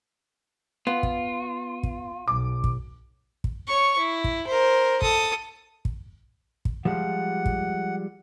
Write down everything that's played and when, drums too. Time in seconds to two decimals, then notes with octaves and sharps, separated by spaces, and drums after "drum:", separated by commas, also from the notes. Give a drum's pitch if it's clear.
0.87 B3 F4
1.03 drum: kick
1.83 drum: kick
2.28 B1 D6
2.64 drum: kick
3.44 drum: kick
3.67 C#5 C#6
3.99 E4
4.24 drum: kick
4.47 A#4 C5
5.02 A4 D#6, drum: kick
5.85 drum: kick
6.65 drum: kick
6.85 F3 G3 G#3 F#5
7.46 drum: kick